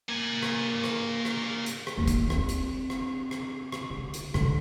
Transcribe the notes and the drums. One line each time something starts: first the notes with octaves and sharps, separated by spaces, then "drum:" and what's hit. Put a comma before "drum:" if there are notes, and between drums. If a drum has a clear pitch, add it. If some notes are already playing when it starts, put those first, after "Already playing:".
A#3 G#5
drum: rim click
drum: rim click
drum: rim click
drum: hi-hat
drum: rim click
D#2
drum: kick F1, hi-hat
C4, drum: rim click
drum: hi-hat
drum: rim click
drum: rim click
drum: rim click
D3
drum: hi-hat
D3 D4, drum: rim click